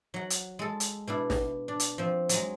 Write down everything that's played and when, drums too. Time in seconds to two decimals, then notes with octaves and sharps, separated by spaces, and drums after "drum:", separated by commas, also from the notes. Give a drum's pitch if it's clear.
0.14 F#3 F#5
0.30 drum: hi-hat
0.59 G#3 A4
0.80 drum: hi-hat
1.07 B2 D4 E4
1.30 drum: snare
1.68 D4
1.80 drum: hi-hat
1.98 F3 C4
2.29 F#3 G#3, drum: hi-hat